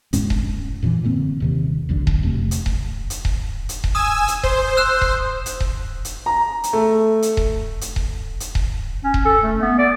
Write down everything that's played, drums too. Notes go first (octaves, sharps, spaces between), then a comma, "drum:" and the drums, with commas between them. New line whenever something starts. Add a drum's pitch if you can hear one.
F#2 A2 G#3 C#4, drum: hi-hat
drum: kick D#1
F#2 A#2 D#3 E3
A#2 D3 A#3 C4
D#1 C3 D#3
F1 B1 F#2 D3
drum: kick D#1
F2 C3 A3
drum: hi-hat
drum: kick D#1
drum: hi-hat
drum: kick D#1
drum: hi-hat
drum: kick D#1
G#5 D#6 E6
drum: hi-hat
C5, drum: kick D#1
E6 F#6 E7
drum: kick D#1
drum: hi-hat
drum: kick D#1
drum: hi-hat
A#5
drum: hi-hat
A3
drum: hi-hat
drum: kick D#1
drum: hi-hat
drum: kick D#1
drum: hi-hat
drum: kick D#1
C#4
drum: kick D#1
A4
A3
B3
D5